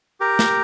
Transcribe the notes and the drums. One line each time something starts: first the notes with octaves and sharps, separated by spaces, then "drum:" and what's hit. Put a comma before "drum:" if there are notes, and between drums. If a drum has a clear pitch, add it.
G4 A#4
drum: snare